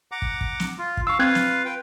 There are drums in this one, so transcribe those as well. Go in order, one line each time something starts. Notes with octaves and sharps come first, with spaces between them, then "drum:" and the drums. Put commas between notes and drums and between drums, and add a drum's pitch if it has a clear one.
F#5 A#5 D6
drum: kick
drum: kick
drum: snare
F4
drum: kick
F5 C#6 E6
C4 F4 B4 F5 F#6 G#6
drum: snare
B4 G5